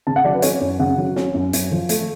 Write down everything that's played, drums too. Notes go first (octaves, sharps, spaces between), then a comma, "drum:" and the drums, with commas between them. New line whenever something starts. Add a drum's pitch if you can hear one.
C#3 A5
F#5
F#3 D5
B4
C#4 C#5, drum: hi-hat
F#2
C#3 F#5
F#3
C#4, drum: snare
F#2
F#2, drum: hi-hat
F3
A3, drum: hi-hat